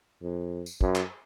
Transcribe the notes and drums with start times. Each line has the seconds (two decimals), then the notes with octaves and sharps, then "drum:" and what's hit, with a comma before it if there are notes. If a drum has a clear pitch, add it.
0.23 F2
0.66 drum: tambourine
0.81 F#2, drum: kick
0.95 drum: clap